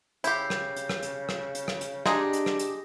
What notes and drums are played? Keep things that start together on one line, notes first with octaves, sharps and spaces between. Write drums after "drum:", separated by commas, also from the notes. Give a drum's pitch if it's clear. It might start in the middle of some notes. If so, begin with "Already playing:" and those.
C#3 E4 G4 G6 C7, drum: hi-hat
drum: rim click
drum: hi-hat
drum: rim click
drum: hi-hat
drum: rim click
drum: hi-hat
drum: rim click
drum: hi-hat
G#3 D4 D#4 G4 G#4 D#6 A#6, drum: rim click
drum: hi-hat
drum: rim click
drum: hi-hat